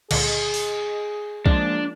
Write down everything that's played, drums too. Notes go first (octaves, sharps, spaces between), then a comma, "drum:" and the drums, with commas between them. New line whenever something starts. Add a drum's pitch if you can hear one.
C#2 A#2 D3 G#4 D#5, drum: cymbal
drum: open hi-hat
F3 G#3 A#3 D4, drum: kick